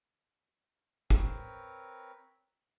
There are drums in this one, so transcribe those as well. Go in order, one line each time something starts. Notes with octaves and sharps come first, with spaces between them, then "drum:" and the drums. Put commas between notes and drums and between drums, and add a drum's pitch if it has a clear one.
C4 A#4 B4 C#5, drum: kick